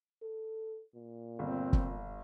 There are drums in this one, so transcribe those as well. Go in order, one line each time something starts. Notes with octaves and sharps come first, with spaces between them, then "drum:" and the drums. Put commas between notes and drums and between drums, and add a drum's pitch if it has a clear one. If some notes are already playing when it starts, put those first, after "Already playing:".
A4
A#2
G1 C4
drum: kick